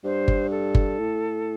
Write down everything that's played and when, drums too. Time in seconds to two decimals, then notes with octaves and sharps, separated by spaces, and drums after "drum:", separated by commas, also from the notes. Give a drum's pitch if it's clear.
0.04 G2 C5
0.28 drum: kick G1
0.51 A4
0.75 drum: kick G1
0.99 A2